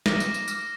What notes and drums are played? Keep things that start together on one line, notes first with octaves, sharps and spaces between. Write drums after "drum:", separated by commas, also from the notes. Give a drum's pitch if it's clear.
D6 F6 A#6, drum: snare
drum: tambourine
drum: tambourine
D6 F6, drum: tambourine